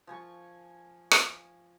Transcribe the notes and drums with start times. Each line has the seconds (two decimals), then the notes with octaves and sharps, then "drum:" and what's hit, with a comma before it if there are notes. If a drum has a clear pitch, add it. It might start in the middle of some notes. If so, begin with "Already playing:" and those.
0.07 F3 G#5 C#6
1.11 drum: rim click